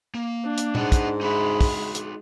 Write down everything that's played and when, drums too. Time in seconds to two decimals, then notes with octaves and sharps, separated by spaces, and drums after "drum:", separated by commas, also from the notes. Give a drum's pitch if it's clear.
0.14 A#3
0.44 D4
0.58 drum: hi-hat
0.75 G#2 F#4 D#5 F#5, drum: tom A#2
0.92 drum: kick, hi-hat
1.21 G#3 D#4 F#4 E5 B5
1.61 drum: kick, open hi-hat
1.95 drum: hi-hat